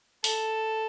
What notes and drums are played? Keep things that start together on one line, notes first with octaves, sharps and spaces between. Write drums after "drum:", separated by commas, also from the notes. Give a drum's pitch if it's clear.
A4, drum: open hi-hat